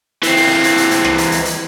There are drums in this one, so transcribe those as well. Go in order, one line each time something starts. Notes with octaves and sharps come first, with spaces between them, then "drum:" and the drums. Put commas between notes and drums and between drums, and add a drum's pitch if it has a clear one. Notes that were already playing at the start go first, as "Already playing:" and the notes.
E3 C4, drum: hi-hat
drum: open hi-hat
drum: hi-hat
drum: hi-hat
drum: hi-hat
drum: rim click
drum: hi-hat
drum: hi-hat
drum: hi-hat